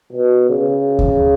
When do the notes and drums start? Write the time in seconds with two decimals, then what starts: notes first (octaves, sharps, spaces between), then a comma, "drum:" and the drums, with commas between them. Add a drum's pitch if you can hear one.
0.13 B2
0.49 C#3
0.99 drum: kick D2